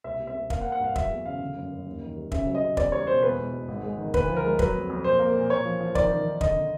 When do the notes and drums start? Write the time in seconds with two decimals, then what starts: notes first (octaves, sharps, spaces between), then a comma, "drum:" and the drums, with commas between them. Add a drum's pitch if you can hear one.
0.04 C2 E5
0.20 C3
0.27 E5
0.35 C3
0.50 A#3 F5, drum: kick
0.61 F#5
0.65 A#3
0.72 F#5
0.80 G2 F5
0.96 F#3 E5, drum: kick
1.10 E2
1.26 C#3 F5
1.41 D3
1.56 F#2
1.71 F#2
1.87 D#2
2.02 D#3
2.17 G3
2.32 C#3 E5, drum: kick
2.47 F#3
2.55 D#5
2.62 C#3
2.77 E2 D5, drum: kick
2.92 G3 C#5
3.07 B2 C5
3.23 E2 B4
3.38 E1
3.53 B2
3.68 G#1
3.83 G#3
3.98 D#3
4.14 D2 B4, drum: kick
4.29 F3
4.36 A#4
4.44 G#3
4.59 F#3 B4, drum: kick
4.74 F2
4.90 F2
5.04 A#2 C5
5.19 A#3
5.35 A#2
5.50 A#2 C#5
5.65 F3
5.80 F3
5.95 D#3 D5, drum: kick
6.11 D#3
6.26 D#3
6.41 D3 D#5, drum: kick
6.56 D3